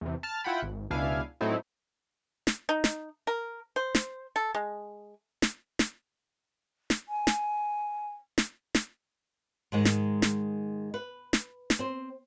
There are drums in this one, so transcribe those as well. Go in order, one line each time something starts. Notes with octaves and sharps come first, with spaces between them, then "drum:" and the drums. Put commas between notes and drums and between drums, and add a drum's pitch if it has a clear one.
E2 C3
A5 F6
E4 F4 F#5 G5 B5
G#1
C#2 B2 D4 E4 F5 G#5
A2 F#3 A3 C4 D#4 E4
drum: snare
D#4
drum: snare
A#4
C5
drum: snare
A4
G#3
drum: snare
drum: snare
drum: snare
G#5
drum: snare
drum: snare
drum: snare
G#2 D#3 G#3
drum: snare
drum: snare
B4
drum: snare
drum: snare
C4 C5